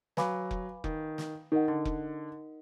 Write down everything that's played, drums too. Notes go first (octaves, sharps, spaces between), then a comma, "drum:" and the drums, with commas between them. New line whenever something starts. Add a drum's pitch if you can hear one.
F#3 B4 F5 G#5 B5 D6, drum: snare
drum: kick F1
D#3, drum: kick F1
drum: snare
D#3 D#4 A#4 D#5 F#5
D3
drum: kick F1